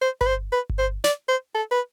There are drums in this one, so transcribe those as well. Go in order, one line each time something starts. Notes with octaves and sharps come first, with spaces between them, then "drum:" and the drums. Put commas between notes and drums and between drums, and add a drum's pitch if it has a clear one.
C5
B4, drum: kick G1
C5
B4
drum: kick G1
C5
D5, drum: snare
C5
A4
B4